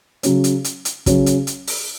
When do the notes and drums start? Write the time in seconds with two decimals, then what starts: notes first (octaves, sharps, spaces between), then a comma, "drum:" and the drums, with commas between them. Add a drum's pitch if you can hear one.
0.23 C#3 F#3 C#4, drum: hi-hat
0.44 drum: hi-hat
0.64 drum: hi-hat
0.85 drum: hi-hat
1.06 C#3 F#3 C#4, drum: kick, hi-hat
1.26 drum: hi-hat
1.47 drum: hi-hat
1.68 drum: open hi-hat